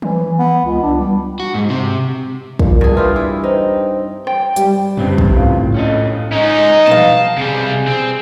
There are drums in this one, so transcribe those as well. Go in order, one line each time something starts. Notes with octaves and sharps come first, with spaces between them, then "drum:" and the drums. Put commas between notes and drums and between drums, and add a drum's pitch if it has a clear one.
E3, drum: tom E3
B3
C#2
D4
G3
F#4
G#2
C3
A#2, drum: kick
G2 G#4
E3 E4 F4 G4
E4
C4 D#4
G5, drum: rim click
G3, drum: hi-hat
C#3 B3 C4, drum: tom F2
drum: kick
A2 F4
C#4 A4 D#5
G#3 C#4 D#4
B2 F5 A5, drum: tom E3
C3 G3 G#4
C4